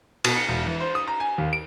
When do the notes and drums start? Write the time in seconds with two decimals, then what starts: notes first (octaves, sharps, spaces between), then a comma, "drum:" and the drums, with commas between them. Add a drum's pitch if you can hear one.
0.24 B2, drum: cymbal
0.37 C#7
0.48 E1
0.66 E3
0.80 C5
0.95 D#6
1.08 A#5
1.20 G#5
1.38 D#2
1.53 D7